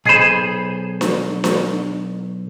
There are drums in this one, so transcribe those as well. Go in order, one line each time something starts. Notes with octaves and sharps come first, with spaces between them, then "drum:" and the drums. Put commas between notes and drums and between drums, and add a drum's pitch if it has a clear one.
B1 G#4 C5 B5
drum: snare D4
drum: snare D4